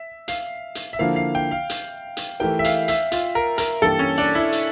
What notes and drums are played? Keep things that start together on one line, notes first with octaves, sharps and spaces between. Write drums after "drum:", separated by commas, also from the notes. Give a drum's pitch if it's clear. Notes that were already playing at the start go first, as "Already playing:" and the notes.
Already playing: E5
F5, drum: hi-hat
drum: hi-hat
E5
D3 F3 A#3 E4 F5
F5
G5
F5
drum: hi-hat
drum: hi-hat
E3 A3 E4 G4 A#4 G5
E5
F5, drum: hi-hat
E5, drum: hi-hat
F4, drum: hi-hat
A#4
A#4, drum: hi-hat
G2 E3 A#3 E4 G4 A4
C#4
D4
E4
drum: hi-hat